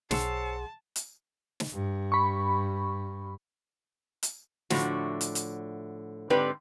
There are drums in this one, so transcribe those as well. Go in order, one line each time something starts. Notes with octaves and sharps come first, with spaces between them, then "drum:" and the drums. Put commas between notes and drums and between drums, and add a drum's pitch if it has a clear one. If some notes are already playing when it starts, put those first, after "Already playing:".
B1 G#4 C5 C#5 F#5 A5 C6 E6, drum: snare
drum: hi-hat
drum: snare
G2
B5 C#6
drum: hi-hat
A2 D3 F3 F#4, drum: snare
drum: hi-hat
drum: hi-hat
G#2 D3 C4 G4 B4 D5